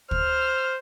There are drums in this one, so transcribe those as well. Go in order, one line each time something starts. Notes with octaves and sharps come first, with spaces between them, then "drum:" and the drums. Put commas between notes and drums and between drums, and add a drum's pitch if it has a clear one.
C5 F6, drum: kick